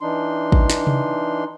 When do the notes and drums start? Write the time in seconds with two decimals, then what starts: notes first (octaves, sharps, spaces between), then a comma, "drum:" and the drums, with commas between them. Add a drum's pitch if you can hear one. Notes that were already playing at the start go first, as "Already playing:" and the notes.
0.01 E3 D4 D#4 C6
0.52 drum: kick
0.70 drum: snare
0.87 drum: tom C3